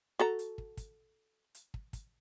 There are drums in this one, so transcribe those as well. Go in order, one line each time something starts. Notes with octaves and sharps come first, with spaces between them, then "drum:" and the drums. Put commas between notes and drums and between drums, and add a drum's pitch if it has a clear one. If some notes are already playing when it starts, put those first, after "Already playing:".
F#4 A4 A#5
drum: hi-hat
drum: kick
drum: kick, hi-hat
drum: hi-hat
drum: kick
drum: kick, hi-hat